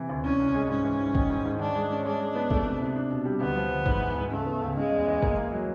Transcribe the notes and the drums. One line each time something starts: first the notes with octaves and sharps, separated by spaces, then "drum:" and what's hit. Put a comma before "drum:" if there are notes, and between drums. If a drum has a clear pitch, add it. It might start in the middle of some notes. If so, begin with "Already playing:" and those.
Already playing: C3 E3
D2
C2 C#4
C2
G#3
G#2 C#4
E3
G#2
D#3, drum: kick
G#2
G#2
D#3 D4
G#3
C#4
G#3 D4
G#3
B3
A3, drum: kick
C3
C3
D4
B2
G3
D2 B3
F3
D2
G#2, drum: kick
E3
G#2
C#3 A3
B3
C#2
C#3 G#3
E2
E3
A#3, drum: kick
A#3
F#3